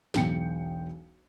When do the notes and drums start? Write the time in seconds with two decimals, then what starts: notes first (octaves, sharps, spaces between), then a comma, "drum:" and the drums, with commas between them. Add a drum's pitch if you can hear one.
0.14 E1 B1 G5 C#7, drum: snare